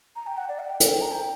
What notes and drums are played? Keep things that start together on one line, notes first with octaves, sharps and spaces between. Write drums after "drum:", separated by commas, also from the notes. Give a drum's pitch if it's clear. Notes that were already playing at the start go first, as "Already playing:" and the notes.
A#5
G5
F#5
D5
F#5
G5
G5, drum: hi-hat
G5
A#5
G5